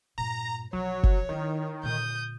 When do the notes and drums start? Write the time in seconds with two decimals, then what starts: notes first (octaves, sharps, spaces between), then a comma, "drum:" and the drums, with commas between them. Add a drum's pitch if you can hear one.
0.18 G2 A#2 A#5
0.73 B1 F3 F#3 C#5
1.03 drum: kick F#1
1.29 D#3 C#4 E4
1.83 A#2 D3 D#6 G6